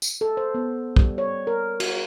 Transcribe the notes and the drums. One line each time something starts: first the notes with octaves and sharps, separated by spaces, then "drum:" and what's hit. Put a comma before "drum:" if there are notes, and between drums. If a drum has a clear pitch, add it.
drum: tambourine
A4
C5
B3
G3, drum: kick
C#5
A#4
F#4, drum: cymbal